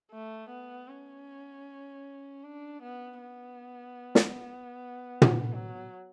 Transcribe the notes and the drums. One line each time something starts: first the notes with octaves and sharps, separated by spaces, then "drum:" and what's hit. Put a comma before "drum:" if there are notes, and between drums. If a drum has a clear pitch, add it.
A3
B3
C#4
D4
B3
B3
drum: snare
drum: tom
F#3